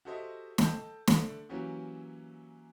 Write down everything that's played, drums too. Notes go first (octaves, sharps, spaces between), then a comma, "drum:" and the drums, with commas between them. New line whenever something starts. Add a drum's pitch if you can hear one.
F#4 G4 A4 C5 D#5 E5
A4 D#5 G5 A5 E6 G6, drum: snare
D3 A3 D4, drum: snare
E3 F#3 A#3 C#4 F#4 G4